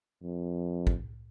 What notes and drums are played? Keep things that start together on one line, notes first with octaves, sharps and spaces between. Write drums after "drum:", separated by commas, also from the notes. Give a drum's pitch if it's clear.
F2
drum: kick